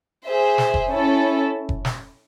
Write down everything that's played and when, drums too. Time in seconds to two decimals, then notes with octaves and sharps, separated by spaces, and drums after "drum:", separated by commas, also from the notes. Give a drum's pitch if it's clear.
0.26 G#4 C5 E5
0.58 drum: snare
0.74 drum: kick F1
0.90 C#4 E4 A4
1.69 drum: kick F1
1.85 drum: snare